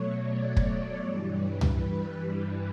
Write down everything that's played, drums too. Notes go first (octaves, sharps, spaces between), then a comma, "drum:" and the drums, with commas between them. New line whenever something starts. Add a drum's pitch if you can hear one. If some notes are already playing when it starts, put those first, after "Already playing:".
Already playing: B2 F#3 A3 C#5
D5
C#5, drum: kick
G2 E3 G3
B4
drum: tom C#2
B4